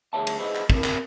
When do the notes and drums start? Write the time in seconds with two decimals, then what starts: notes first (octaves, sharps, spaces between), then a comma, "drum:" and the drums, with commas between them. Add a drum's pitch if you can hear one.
0.13 D2 G#4 A4 C#5 E5 A5
0.27 drum: cymbal
0.39 E4 G#4 B4 C5 D#5
0.55 drum: clap
0.70 C4 A#4, drum: kick
0.84 drum: clap